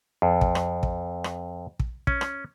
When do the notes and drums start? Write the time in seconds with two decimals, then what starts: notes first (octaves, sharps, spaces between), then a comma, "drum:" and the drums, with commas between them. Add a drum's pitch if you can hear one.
0.22 F2
0.41 drum: kick
0.55 drum: rim click
0.83 drum: kick
1.24 drum: rim click
1.80 drum: kick
2.07 C#4, drum: kick
2.21 drum: rim click